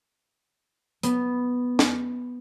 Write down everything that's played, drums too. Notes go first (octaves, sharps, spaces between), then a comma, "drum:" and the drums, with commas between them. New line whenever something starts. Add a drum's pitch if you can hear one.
B3, drum: hi-hat
drum: snare